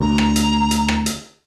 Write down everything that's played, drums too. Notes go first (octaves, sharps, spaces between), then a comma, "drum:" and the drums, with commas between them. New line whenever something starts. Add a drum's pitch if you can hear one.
D2 A#5
drum: rim click
drum: hi-hat
drum: hi-hat
drum: rim click
drum: hi-hat